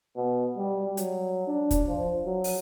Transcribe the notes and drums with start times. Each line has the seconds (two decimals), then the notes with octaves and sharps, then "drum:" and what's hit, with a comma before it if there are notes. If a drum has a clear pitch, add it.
0.16 B2
0.57 G3
0.97 F#3, drum: hi-hat
1.47 D4
1.71 drum: kick, hi-hat
1.88 F3
2.25 F#3
2.44 drum: open hi-hat